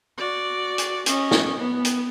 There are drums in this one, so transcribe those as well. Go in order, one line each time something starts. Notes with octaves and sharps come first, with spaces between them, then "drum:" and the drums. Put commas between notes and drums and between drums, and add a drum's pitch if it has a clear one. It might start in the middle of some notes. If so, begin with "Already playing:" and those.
F#4 D5
drum: hi-hat
C#4 D#5, drum: hi-hat
drum: snare
B3
drum: hi-hat